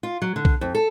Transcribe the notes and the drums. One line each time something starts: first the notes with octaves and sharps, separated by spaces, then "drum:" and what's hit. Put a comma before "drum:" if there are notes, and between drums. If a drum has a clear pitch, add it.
F4
F#3
D3
drum: kick B1
F2
A4